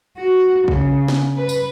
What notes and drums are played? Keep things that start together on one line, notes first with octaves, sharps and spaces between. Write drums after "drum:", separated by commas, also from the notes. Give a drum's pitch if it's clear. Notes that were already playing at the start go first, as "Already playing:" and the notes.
F#4
C#3, drum: kick
drum: snare
B4
drum: tambourine